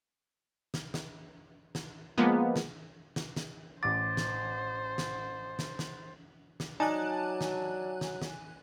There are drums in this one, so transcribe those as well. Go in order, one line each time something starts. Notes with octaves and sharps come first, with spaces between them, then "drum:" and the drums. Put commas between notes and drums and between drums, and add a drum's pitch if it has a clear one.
drum: snare
drum: snare
drum: snare
F3 G#3 A#3 B3
drum: snare
drum: snare
drum: snare
A1 C5 D6 A6
drum: snare
drum: snare
drum: snare
drum: snare
drum: snare
F#3 D#4 D5 G#5 A5 F#6
drum: snare
drum: snare
drum: snare